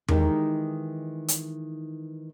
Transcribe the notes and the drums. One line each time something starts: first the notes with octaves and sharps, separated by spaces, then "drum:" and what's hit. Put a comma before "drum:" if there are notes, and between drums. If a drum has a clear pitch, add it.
D#3 E3 G#3 D#4 G4, drum: tom E2
drum: hi-hat